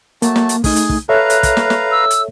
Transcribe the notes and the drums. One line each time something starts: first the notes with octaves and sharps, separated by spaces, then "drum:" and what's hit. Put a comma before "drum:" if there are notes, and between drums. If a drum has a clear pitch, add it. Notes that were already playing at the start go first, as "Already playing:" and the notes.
F#3 A3 A#3 A5, drum: hi-hat
drum: snare
drum: hi-hat
A3 D#4 G#4, drum: kick, open hi-hat
drum: hi-hat
drum: kick
A4 B4 C#5 E5 F5 A#5 F#6
drum: hi-hat
drum: kick, hi-hat
drum: snare
drum: snare
E6
drum: hi-hat